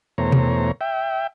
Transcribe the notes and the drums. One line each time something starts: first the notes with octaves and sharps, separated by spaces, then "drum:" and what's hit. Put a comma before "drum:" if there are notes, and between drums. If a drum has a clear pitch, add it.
E2 B2 A3 C5 C#5 A#5
drum: tom B2
E5 G5